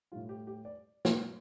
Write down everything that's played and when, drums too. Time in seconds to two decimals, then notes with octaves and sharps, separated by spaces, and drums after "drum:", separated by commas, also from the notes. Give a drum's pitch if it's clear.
0.12 A2 G3 F4
0.29 G4
0.47 G4
0.65 D5
1.05 drum: snare